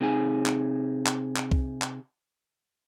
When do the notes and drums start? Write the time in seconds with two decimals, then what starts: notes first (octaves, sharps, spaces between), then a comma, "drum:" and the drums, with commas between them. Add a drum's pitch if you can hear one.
0.01 C3 D#4 G#4 G#5
0.46 drum: clap
1.06 drum: clap
1.36 drum: clap
1.51 drum: kick C2
1.82 drum: clap